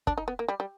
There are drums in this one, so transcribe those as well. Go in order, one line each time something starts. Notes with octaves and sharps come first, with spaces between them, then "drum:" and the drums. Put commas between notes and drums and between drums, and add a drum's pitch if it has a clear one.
D4, drum: kick
D#4
B3
A#3
G3
G3